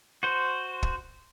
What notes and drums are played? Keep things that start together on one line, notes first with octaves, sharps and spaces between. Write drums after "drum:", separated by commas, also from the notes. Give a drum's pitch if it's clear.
F#4 C5
drum: kick